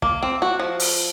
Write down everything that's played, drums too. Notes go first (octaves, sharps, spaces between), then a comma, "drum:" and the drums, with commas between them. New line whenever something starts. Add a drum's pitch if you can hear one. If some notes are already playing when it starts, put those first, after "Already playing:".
A#3, drum: kick
C4
F#4
F3
drum: open hi-hat